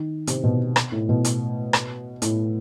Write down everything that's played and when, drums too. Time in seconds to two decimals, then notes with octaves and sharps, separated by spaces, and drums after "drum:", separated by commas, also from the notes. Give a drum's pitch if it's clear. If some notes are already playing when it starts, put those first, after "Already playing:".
Already playing: D#3
0.27 C3, drum: hi-hat
0.43 B2
0.76 drum: rim click
0.92 A2
1.09 B2
1.25 drum: hi-hat
1.73 drum: rim click
2.22 A2, drum: hi-hat